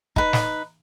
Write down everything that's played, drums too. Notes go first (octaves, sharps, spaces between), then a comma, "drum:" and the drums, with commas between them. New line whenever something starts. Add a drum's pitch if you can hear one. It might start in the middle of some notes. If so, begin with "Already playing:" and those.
D#4 B4, drum: kick
drum: snare